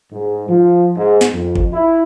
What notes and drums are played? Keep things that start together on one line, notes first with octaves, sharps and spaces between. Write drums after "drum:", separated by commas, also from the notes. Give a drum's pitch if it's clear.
G#2
F3
G#2
drum: snare
F2
drum: kick G1
E4